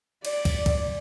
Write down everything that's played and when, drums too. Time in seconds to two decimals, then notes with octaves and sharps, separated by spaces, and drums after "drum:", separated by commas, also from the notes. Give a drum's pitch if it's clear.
0.25 D5, drum: cymbal
0.45 drum: kick, cymbal
0.66 drum: kick, cymbal